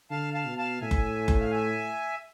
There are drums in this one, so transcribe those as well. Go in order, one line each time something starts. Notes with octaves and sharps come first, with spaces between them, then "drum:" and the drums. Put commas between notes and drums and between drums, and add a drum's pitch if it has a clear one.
D3 F5 A5
F5 A5
B2
F5 A5
A2 E5 G#5
drum: kick F#1
drum: kick F#1
F5
E5 G#5